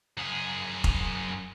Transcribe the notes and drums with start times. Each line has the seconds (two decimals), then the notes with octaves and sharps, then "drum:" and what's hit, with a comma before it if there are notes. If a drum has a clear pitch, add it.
0.17 F#2 G#4
0.84 drum: kick F1